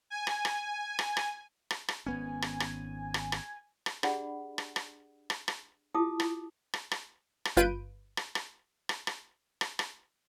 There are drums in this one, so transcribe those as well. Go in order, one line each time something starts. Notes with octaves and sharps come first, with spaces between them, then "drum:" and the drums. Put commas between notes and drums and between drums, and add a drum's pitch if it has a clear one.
G#5
drum: rim click
drum: rim click
drum: rim click
drum: rim click
drum: rim click
drum: rim click
G#1 B3 C#4 G#5
drum: rim click
drum: rim click
drum: rim click
drum: rim click
drum: rim click
D4 G4 G#4 D5 F#5 B5, drum: rim click
drum: rim click
drum: rim click
drum: rim click
drum: rim click
E4 F4 G4 A5 D6 D#6
drum: rim click
drum: rim click
drum: rim click
drum: rim click
G1 F4 B4 G6 D7 D#7
drum: rim click
drum: rim click
drum: rim click
drum: rim click
drum: rim click
drum: rim click